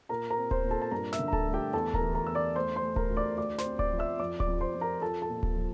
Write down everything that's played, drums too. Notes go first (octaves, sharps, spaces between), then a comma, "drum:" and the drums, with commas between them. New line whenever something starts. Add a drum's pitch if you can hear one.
A#2 A#4 A#5
A#4 A#5
C4
C5 C6, drum: kick D1
A#2
A4 A5
A5
G2 A#4 A#5
E5 E6, drum: snare
D3
A#5
A4 A5, drum: kick D1
A3
G4 G5
E2 A4 A5
A5
A#4 A#5, drum: kick D1
E3
A#4 A#5
E2 E6
D5 D6
A3 C5 C6
C5 C6
A3
A#4 A#5, drum: kick D1
D2
D5 D6
D2 D5 D6
C5 C6, drum: snare
C4
D5 D6, drum: kick D1
F3
E5 E6
F2 D5 D6
D5 D6, drum: kick D1
F2
C5 C6
F2
A#4 A#5
F3 A4 A5
A4 A5
A#2
drum: kick D1
F3